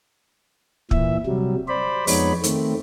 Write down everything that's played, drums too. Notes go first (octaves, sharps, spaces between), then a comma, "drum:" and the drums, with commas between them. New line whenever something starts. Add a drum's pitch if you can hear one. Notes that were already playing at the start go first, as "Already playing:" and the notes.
A#2 E3 E5, drum: kick
C3 F#3 G3
C5 D5 B5
F2 G#3 B3 D#4 C#5 B5, drum: open hi-hat
D#3 A3 C4, drum: hi-hat